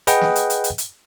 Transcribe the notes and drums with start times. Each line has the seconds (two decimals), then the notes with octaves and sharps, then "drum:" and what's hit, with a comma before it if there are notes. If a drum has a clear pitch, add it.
0.07 G#4 B4 D#5 F#5 G5, drum: hi-hat
0.21 drum: snare
0.36 drum: hi-hat
0.50 drum: hi-hat
0.64 drum: hi-hat
0.78 drum: hi-hat